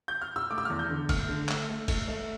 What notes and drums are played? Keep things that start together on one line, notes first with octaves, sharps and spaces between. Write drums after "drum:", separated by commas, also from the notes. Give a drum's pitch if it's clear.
G6
F6
E6
A3 D6
E6
E2 F6
G6
D3
A3 F6, drum: kick, cymbal
D3
A3, drum: clap
A3
A3, drum: kick, cymbal
A3